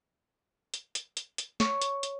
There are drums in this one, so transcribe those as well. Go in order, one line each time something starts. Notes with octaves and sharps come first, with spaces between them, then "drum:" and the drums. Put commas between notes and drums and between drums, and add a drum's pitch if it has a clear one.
drum: hi-hat
drum: hi-hat
drum: hi-hat
drum: hi-hat
C#5, drum: snare
drum: hi-hat
drum: hi-hat